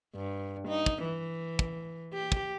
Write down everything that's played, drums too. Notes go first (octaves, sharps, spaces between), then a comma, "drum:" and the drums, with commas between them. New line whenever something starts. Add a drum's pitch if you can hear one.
G2
D#4
drum: kick
E3
drum: kick
G4
drum: kick